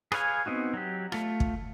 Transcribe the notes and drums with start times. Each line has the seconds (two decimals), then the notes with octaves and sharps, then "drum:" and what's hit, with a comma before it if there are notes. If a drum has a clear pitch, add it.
0.12 G#4 B4 C#5 F5 G#5, drum: rim click
0.46 B3 C4 D#4 F#4
0.74 F#3 G4
1.12 A3 F4, drum: rim click
1.40 drum: kick